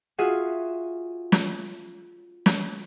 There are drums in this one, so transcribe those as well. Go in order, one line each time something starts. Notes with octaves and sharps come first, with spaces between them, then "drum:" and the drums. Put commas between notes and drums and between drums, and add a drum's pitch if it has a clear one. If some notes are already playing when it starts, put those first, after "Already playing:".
F4 F#4 G#4 E5 F#5
drum: snare
drum: snare